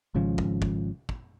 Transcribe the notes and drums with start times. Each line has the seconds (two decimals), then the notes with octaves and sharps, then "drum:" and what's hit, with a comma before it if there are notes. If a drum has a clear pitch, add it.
0.14 G#1 G#2 C#3 F3
0.38 drum: kick
0.62 drum: kick
1.09 drum: kick